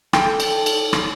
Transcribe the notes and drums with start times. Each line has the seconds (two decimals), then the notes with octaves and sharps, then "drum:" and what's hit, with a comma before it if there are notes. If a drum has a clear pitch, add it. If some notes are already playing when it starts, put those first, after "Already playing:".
0.13 A4 G5, drum: rim click
0.40 drum: cymbal
0.66 drum: cymbal
0.93 drum: rim click